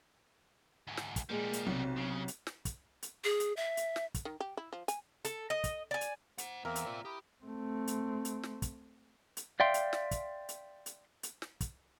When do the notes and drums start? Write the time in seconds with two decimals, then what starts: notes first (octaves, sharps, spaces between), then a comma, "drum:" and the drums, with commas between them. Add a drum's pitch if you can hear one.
0.87 D2 G#2
0.97 drum: snare
1.16 drum: kick, hi-hat
1.29 A#2 F3 G3 G#3 A#3
1.53 drum: hi-hat
1.67 B1 C3 F#4
1.97 C#3
2.28 drum: hi-hat
2.47 drum: snare
2.65 drum: kick, hi-hat
3.03 drum: hi-hat
3.24 G#4
3.40 drum: hi-hat
3.57 E5
3.77 drum: hi-hat
3.96 drum: snare
4.14 drum: kick, hi-hat
4.25 D#3
4.40 G4
4.57 E4
4.73 F3
4.88 G#5, drum: hi-hat
5.25 A4, drum: hi-hat
5.50 D#5
5.64 drum: kick, hi-hat
5.91 D5 G#5
6.01 drum: hi-hat
6.38 C5 F#5, drum: hi-hat
6.65 E2 A#3 C4 A#4 E5
6.76 drum: hi-hat
6.86 F4 D5
7.05 E4 G4 G5 D#6
7.45 A3 C4
7.87 drum: hi-hat
8.25 drum: hi-hat
8.43 drum: snare
8.62 drum: kick, hi-hat
9.37 drum: hi-hat
9.60 D5 E5 F5 G5 C6
9.74 drum: hi-hat
9.93 drum: snare
10.11 drum: kick, hi-hat
10.49 drum: hi-hat
10.86 drum: hi-hat
11.23 drum: hi-hat
11.42 drum: snare
11.61 drum: kick, hi-hat